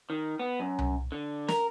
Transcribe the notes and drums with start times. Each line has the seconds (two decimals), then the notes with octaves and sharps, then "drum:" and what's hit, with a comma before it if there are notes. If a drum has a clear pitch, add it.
0.10 D#3
0.39 B3
0.60 F#2
0.79 drum: tom C2
1.12 D3
1.48 A#4, drum: snare